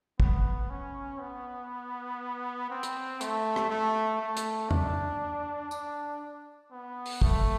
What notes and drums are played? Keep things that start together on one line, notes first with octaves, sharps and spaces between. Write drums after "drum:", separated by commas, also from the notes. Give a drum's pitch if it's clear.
B3, drum: kick
C#4
B3
C4
drum: hi-hat
A3, drum: hi-hat
drum: rim click
A3
A3
drum: hi-hat
D4, drum: tom F2
D4, drum: tambourine
B3
drum: open hi-hat
A3, drum: kick